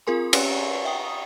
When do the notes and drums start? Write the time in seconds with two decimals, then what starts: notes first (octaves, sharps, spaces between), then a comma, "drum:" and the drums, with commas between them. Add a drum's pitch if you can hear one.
0.07 C4 F4 G#4 A#4 G#5 C6
0.33 C#4 G4 B4 C#5 G#5, drum: cymbal
0.85 E5 G5 D#6